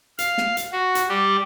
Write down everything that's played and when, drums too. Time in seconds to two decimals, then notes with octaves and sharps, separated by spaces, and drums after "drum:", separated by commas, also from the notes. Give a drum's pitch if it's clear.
0.19 F5, drum: hi-hat
0.38 drum: snare
0.57 drum: hi-hat
0.72 F#4
0.95 drum: hi-hat
1.09 G3 G4